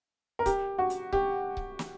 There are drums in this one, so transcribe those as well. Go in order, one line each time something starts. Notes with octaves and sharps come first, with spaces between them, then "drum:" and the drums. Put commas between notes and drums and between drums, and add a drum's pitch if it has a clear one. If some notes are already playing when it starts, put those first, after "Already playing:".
A#4
G4, drum: kick C#1, hi-hat
F#4
drum: hi-hat
G4, drum: kick C#1
drum: kick C#1
drum: snare